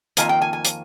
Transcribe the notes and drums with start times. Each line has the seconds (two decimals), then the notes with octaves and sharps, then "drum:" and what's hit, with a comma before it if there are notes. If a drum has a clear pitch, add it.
0.17 F2 D#3 A#3 F4 G#5, drum: hi-hat
0.29 G5
0.41 G#5
0.53 G#5
0.65 drum: hi-hat